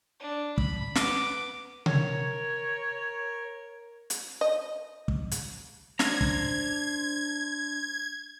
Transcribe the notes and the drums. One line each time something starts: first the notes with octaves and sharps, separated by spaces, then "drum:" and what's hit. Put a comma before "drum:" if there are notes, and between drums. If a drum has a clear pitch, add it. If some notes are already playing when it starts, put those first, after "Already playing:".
D4
B5, drum: kick
B3 D6, drum: snare
A#4 C#5, drum: tom C3
drum: hi-hat
D#5
drum: kick
drum: hi-hat
D4 C5 A#5 G#6, drum: snare
drum: kick